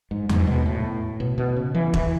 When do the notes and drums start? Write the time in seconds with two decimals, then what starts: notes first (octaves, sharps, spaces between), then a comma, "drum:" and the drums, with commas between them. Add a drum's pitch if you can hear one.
0.11 G#2
0.29 G#2, drum: tom E2
0.47 B2
0.66 A2
1.20 B2
1.38 B2
1.56 C#3
1.75 E3
1.94 E3, drum: kick E1